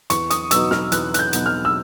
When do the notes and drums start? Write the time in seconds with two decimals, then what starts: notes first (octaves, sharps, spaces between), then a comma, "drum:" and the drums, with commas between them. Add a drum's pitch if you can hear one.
0.10 E2 C#6, drum: hi-hat
0.30 D#6, drum: hi-hat
0.51 B2 F#3 B3 D#4 E6, drum: hi-hat
0.71 F6, drum: snare
0.92 E2 F#6, drum: hi-hat
1.14 F#6, drum: hi-hat
1.19 G6
1.33 B2 F#3 B3 D#4, drum: hi-hat
1.46 F6
1.65 E6